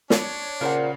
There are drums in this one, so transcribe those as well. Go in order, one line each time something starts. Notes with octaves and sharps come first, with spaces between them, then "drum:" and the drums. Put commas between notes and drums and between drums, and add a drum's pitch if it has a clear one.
D4 C#5, drum: snare
A#2 C#3 A#4 C5 F#5